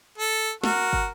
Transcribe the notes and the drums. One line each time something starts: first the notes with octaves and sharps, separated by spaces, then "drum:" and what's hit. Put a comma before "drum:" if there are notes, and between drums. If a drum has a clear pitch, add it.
A4
F#4 A#4, drum: snare
drum: kick